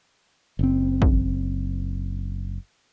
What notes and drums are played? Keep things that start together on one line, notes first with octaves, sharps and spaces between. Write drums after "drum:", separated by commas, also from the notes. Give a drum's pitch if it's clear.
F#1 C4
drum: kick